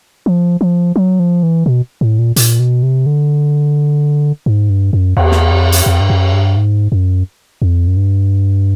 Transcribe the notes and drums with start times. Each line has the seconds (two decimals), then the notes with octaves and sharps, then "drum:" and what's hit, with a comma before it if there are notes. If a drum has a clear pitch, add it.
0.26 F3
0.61 F3
0.96 F#3
1.20 F3
1.43 E3
1.66 B2
2.01 A2
2.19 A#2
2.36 A#2, drum: hi-hat
2.59 B2
2.83 C3
3.06 D3
4.46 G#2
4.70 G2
4.93 F#2
5.17 E2, drum: cymbal
5.32 drum: snare
5.51 F2
5.72 drum: hi-hat
5.86 F2
6.00 G2
6.10 F#2
6.33 G2
6.57 G#2
6.92 F#2
7.62 F2
7.87 F#2
7.97 G2